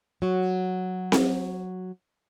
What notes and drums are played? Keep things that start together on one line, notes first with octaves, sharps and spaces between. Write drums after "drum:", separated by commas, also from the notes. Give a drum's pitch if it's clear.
F#3 F#4
drum: snare C4